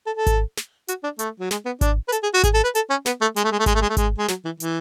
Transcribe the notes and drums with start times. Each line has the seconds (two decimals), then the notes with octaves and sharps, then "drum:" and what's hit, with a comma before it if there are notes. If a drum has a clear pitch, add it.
0.06 A4
0.16 A4
0.27 drum: kick G#1, hi-hat
0.57 drum: snare
0.88 F#4, drum: hi-hat
1.04 D4
1.19 A3, drum: hi-hat
1.40 F#3
1.51 G#3, drum: snare
1.66 B3
1.81 D4, drum: kick G#1, hi-hat
2.08 B4
2.12 A4, drum: hi-hat
2.23 G#4
2.34 F#4
2.43 G#4, drum: kick G#1, hi-hat
2.54 A4
2.64 B4
2.75 A4, drum: hi-hat
2.90 C#4
3.06 B3, drum: snare
3.21 A3
3.36 G#3, drum: hi-hat
3.44 A3
3.51 G#3
3.59 A3
3.66 G#3, drum: kick G#1, hi-hat
3.75 A3
3.81 G#3
3.89 A3
3.97 G#3, drum: kick G#1, hi-hat
4.18 G#3
4.29 F#3, drum: snare
4.45 E3
4.60 E3, drum: hi-hat